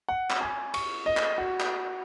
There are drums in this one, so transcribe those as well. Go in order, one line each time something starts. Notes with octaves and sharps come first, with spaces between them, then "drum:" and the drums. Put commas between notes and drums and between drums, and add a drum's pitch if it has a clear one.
F#5
drum: clap
G#5
C#6, drum: cymbal
D#5
drum: clap
F#4
drum: clap